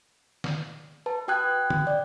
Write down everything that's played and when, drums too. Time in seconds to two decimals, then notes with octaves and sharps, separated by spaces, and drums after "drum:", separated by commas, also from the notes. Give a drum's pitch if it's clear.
0.44 drum: snare
1.06 B4 A5
1.28 F#4 G5 D#6 F#6 G#6
1.70 drum: tom
1.87 D5